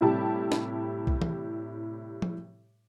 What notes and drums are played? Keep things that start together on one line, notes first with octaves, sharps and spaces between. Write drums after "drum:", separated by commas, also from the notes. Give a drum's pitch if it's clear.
A2 C3 G3 E4 G4 A5
drum: snare
drum: kick
drum: tom E3
drum: tom F3